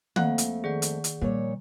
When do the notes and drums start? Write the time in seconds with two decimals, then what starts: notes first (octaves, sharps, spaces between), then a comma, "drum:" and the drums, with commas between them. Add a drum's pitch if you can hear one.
0.16 F2 A3 A#3 F5 F#5 F#6, drum: tom
0.38 drum: hi-hat
0.64 D#3 G#4 D5 F#5
0.82 drum: hi-hat
1.04 drum: hi-hat
1.21 A#2 F3 G3 C#5